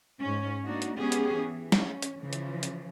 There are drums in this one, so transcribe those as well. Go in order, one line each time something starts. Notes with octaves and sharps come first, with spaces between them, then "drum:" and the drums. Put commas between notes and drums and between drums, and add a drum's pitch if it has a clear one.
G#2 C#4
A#3 D4 D#4 F#4
drum: hi-hat
G#3 B3 C#4 G4 G#4
drum: hi-hat
E3
C#4, drum: snare
drum: hi-hat
C#3 E3 F3
drum: hi-hat
drum: hi-hat